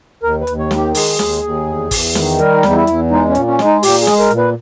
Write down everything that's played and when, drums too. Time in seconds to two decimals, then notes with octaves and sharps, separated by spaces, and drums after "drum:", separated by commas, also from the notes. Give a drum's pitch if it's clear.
0.23 D#2 A#4
0.41 B4
0.47 D#2, drum: hi-hat
0.59 C#5
0.71 D#3, drum: snare
0.77 G4
0.95 G#3 G#4, drum: open hi-hat
1.19 D#2, drum: snare
1.43 D#2
1.66 E2
1.91 E2, drum: kick, open hi-hat
2.15 D#3, drum: snare
2.39 G3 A#4, drum: hi-hat
2.63 E2, drum: snare
2.70 D#4
2.75 E4
2.87 E2, drum: hi-hat
3.11 G#3 D#4
3.29 C#4
3.35 A#2, drum: hi-hat
3.47 C#4
3.59 G#3, drum: snare
3.65 D#4
3.83 A#2 G4, drum: open hi-hat
4.01 G#4
4.07 G#3, drum: snare
4.19 A#4
4.31 A#2, drum: hi-hat
4.37 B4